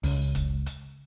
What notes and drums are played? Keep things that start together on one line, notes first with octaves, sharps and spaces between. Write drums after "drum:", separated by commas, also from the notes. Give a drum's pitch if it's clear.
C#2, drum: open hi-hat
drum: kick, hi-hat
drum: hi-hat